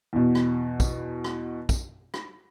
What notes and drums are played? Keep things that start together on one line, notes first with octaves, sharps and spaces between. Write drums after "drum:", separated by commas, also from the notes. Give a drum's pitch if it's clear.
E2 B2
drum: rim click
drum: kick, tambourine
drum: rim click
drum: kick, tambourine
drum: rim click